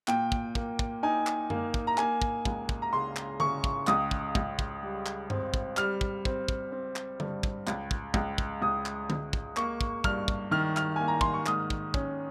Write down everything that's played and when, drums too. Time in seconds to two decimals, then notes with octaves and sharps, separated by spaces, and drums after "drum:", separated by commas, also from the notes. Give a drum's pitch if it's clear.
0.08 A#2 G5, drum: clap
0.32 drum: kick
0.55 A#3, drum: kick
0.79 drum: kick
1.03 D#4 G#5
1.27 drum: clap
1.50 A#3, drum: tom F#2
1.74 drum: kick
1.87 A#5
1.98 A#3 G#5, drum: clap
2.22 drum: kick
2.45 C#2, drum: kick
2.69 drum: kick
2.82 A#5
2.93 C#3 C6
3.16 drum: clap
3.40 C#3 C#6, drum: tom D3
3.64 drum: kick
3.87 C#2 D#6, drum: clap
4.11 drum: kick
4.35 C#2, drum: kick
4.59 drum: kick
4.83 G3
5.06 drum: clap
5.30 C4, drum: tom G2
5.54 drum: kick
5.77 G3 F6, drum: clap
6.01 drum: kick
6.25 C4, drum: kick
6.48 drum: kick
6.72 C4
6.96 drum: clap
7.20 G2, drum: tom D3
7.43 drum: kick
7.67 C#2, drum: clap
7.91 drum: kick
8.14 C#2, drum: kick
8.38 drum: kick
8.62 C#2 D#6
8.86 drum: clap
9.10 C#2, drum: tom D3
9.33 drum: kick
9.57 A#3 C#6, drum: clap
9.81 drum: kick
10.04 G2 F6, drum: kick
10.28 drum: kick
10.51 D#3 F6
10.77 F6, drum: clap
10.96 A#3 G#5
11.08 A#5
11.21 C6, drum: kick
11.34 C#6
11.46 G#2 D#6, drum: clap
11.70 drum: kick
11.94 C#4, drum: kick